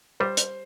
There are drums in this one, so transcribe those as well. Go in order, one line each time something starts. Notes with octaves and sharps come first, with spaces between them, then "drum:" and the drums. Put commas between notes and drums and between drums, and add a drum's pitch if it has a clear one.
G3 C5
drum: hi-hat